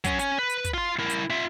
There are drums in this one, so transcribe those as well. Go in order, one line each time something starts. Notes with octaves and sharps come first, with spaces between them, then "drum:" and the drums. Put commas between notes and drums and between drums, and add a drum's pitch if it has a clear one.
F#3 C#4, drum: kick, hi-hat
C#4, drum: hi-hat
B4
drum: hi-hat
drum: kick, hi-hat
F4 C6
E4 A#4
drum: hi-hat
F4 E5